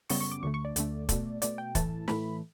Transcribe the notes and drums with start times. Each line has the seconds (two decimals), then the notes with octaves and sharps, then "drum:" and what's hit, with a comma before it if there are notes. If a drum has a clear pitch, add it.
0.09 F#2 C#3 G3 B3 C#6, drum: open hi-hat
0.20 C#6
0.31 D6
0.43 D2 D3 A3 C#6
0.54 C#6
0.65 D5
0.76 D2 D3 A3, drum: hi-hat
1.09 B2 A3, drum: kick, hi-hat
1.42 B2 A3 D5, drum: hi-hat
1.58 G5
1.75 A2 E3 A3 A5, drum: kick, hi-hat
2.08 A2 E3 A3 B5, drum: snare